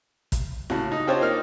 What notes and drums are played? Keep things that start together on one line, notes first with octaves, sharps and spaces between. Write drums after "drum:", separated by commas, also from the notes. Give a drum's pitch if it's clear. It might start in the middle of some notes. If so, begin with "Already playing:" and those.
drum: kick, hi-hat
A2 C#3 F#4, drum: snare
D#4
C4 D4 F4 G4 C5 C#5
A#3 D#4 F6